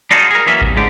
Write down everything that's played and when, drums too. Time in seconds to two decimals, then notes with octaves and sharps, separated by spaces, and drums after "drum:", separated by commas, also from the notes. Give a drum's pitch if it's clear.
0.11 D4 D#4 F4 F#4 G#4
0.31 G#4 A#4
0.46 E3 F#3 A#3 C#4 E5
0.61 C2, drum: kick A1
0.76 C#2 G#2 D3 G4